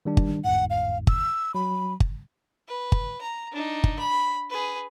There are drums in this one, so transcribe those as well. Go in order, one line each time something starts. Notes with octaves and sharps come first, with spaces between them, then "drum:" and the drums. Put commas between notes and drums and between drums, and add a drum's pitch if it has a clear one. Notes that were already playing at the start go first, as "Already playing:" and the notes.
D#3 G3 D4
drum: kick G1
G1 E2 G#2 F#5
F5
E6, drum: kick G1
F#3 B5
drum: kick G1
B4
drum: kick G1
A#5
D4 D#4
drum: kick G1
B5
G#4 B4